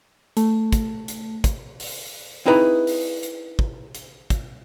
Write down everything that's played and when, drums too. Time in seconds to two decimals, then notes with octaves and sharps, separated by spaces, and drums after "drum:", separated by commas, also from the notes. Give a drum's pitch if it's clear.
0.37 A3, drum: hi-hat
0.72 drum: kick, hi-hat
1.08 drum: hi-hat
1.44 drum: kick, hi-hat
1.80 drum: open hi-hat
2.46 C4 D#4 E4 G#4 B4 A#5
2.87 drum: open hi-hat
3.23 drum: hi-hat
3.59 drum: kick
3.95 drum: hi-hat
4.30 drum: kick, hi-hat